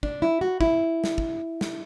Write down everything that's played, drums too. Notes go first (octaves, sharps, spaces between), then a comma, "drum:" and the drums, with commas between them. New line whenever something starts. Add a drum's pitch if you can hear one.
D4, drum: kick
E4
F#4
E4, drum: kick
drum: snare
drum: kick
drum: snare